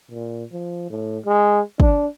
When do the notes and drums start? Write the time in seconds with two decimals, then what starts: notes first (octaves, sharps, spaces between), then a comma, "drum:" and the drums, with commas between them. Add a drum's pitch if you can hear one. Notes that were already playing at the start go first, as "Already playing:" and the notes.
0.11 A#2
0.52 F3
0.90 A2
1.25 G#3
1.80 D4, drum: kick